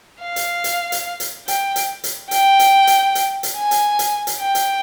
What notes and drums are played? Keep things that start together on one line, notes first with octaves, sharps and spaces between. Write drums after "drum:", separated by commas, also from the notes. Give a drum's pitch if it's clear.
F5
drum: hi-hat
drum: hi-hat
drum: hi-hat
drum: hi-hat
G5, drum: hi-hat
drum: hi-hat
drum: hi-hat
G5, drum: hi-hat
drum: hi-hat
drum: hi-hat
drum: hi-hat
drum: hi-hat
G#5
drum: hi-hat
drum: hi-hat
drum: hi-hat
G5
drum: hi-hat